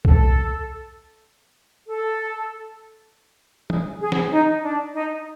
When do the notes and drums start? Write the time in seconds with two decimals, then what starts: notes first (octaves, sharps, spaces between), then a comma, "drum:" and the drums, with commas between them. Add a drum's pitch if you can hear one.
0.05 A4, drum: kick C2
1.88 A4
3.70 G#4, drum: tom
4.01 G#4
4.12 drum: snare
4.31 D#4
4.62 D4
4.93 D#4